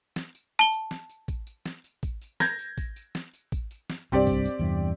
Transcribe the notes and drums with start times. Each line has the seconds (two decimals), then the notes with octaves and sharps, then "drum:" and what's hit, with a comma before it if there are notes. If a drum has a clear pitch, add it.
0.16 drum: snare
0.35 drum: tambourine
0.59 A5 G7
0.72 drum: tambourine
0.91 drum: snare
1.10 drum: tambourine
1.28 drum: kick A1, tambourine
1.47 drum: tambourine
1.66 drum: snare
1.84 drum: tambourine
2.03 drum: kick A1, tambourine
2.22 drum: tambourine
2.40 G6 G#6 A#6, drum: snare
2.59 drum: tambourine
2.78 drum: kick A1, tambourine
2.96 drum: tambourine
3.15 drum: snare
3.34 drum: tambourine
3.52 drum: kick A1, tambourine
3.71 drum: tambourine
3.90 drum: snare
4.12 C2 G2 C4 G4 D5
4.27 drum: kick A1, tambourine
4.46 drum: tambourine
4.60 E2 G2 C3